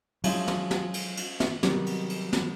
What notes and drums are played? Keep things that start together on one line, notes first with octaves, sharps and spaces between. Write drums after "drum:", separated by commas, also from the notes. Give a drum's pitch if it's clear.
F3 F#3 G#3 C#4 E4, drum: cymbal
drum: snare
drum: snare
drum: cymbal
drum: cymbal
drum: snare
C3 D#3 F#3 G3 B3, drum: snare
drum: cymbal
drum: cymbal
drum: snare